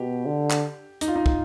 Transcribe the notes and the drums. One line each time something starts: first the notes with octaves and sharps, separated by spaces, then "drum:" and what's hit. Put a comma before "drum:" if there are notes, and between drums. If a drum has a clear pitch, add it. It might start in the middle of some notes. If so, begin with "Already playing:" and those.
Already playing: B2 G4
D3
drum: clap
D#4, drum: hi-hat
F4
D#4
drum: kick